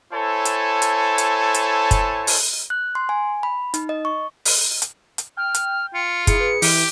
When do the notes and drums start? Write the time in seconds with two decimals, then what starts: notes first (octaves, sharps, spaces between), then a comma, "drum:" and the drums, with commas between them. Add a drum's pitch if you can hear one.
0.13 E4 A4 C5 C#5 G#5 A5
0.45 drum: hi-hat
0.82 drum: hi-hat
1.18 drum: hi-hat
1.54 drum: hi-hat
1.91 drum: kick, hi-hat
2.27 drum: open hi-hat
2.70 F#6
2.95 C6
3.09 G#5
3.43 B5
3.74 D#4, drum: hi-hat
3.89 D#5
4.05 C#6
4.45 drum: open hi-hat
4.82 drum: hi-hat
5.18 drum: hi-hat
5.37 G5 F6
5.54 drum: hi-hat
5.94 F4 C#7
6.27 E4 G#4 C#7, drum: kick, hi-hat
6.40 B4
6.62 E3 G4, drum: open hi-hat